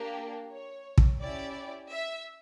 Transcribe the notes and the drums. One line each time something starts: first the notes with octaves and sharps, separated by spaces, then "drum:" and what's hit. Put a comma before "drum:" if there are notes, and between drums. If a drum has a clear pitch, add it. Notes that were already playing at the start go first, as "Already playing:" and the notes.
Already playing: A#3 D4 G4
C#5
drum: kick
C#4 E4 G4 D5
E5